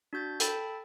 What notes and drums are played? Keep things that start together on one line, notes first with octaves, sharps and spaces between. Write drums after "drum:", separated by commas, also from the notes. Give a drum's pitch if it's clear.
D4 F#4 G6 A6
A4 G5 A5 B5 A6, drum: hi-hat